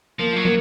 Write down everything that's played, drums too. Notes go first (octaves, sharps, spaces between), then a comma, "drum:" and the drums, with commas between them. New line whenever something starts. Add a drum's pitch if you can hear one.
F3 A#3
F#3
A#3, drum: tom